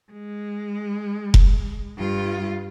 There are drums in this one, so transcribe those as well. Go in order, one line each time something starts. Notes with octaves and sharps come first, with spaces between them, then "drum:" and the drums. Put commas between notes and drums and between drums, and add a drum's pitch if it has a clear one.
G#3
drum: kick F1
G2 F4